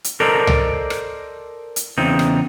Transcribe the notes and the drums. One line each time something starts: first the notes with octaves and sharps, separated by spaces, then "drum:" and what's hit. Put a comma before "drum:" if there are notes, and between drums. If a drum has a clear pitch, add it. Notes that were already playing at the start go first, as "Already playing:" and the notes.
drum: hi-hat
A4 A#4 C5 D5 D#5 A#5
drum: tom
drum: rim click
drum: hi-hat
E2 C#3 C4 D#4
drum: rim click